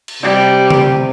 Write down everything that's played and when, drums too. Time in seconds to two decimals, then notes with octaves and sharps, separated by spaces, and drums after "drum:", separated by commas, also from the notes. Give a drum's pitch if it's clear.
0.08 drum: cymbal
0.23 C3 G3
0.70 drum: tom C#3